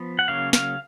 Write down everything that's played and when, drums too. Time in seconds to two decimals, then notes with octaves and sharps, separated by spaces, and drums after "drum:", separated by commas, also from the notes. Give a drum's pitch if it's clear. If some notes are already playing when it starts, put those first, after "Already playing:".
Already playing: F3 B3
0.19 F#5
0.28 C#3 F#3 A#3 C#4 F5
0.53 F5, drum: snare